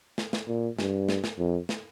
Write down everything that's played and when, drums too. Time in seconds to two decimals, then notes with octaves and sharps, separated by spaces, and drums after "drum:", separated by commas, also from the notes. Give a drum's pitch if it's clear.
0.18 drum: snare
0.33 drum: snare
0.48 A#2
0.79 G2, drum: snare
1.09 drum: snare
1.24 drum: snare
1.38 F2
1.69 drum: snare